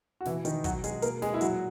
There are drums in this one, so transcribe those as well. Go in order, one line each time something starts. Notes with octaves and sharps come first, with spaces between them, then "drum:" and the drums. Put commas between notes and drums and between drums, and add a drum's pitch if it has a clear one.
F#4
B2 E3 E4, drum: snare
D#3 D#4, drum: hi-hat
B2 F#3 F#4, drum: kick, hi-hat
G#3 G#4, drum: hi-hat
B2 A#3 A#4, drum: hi-hat
G#3 G#4, drum: snare
E4
A#2 F#3 F#4, drum: hi-hat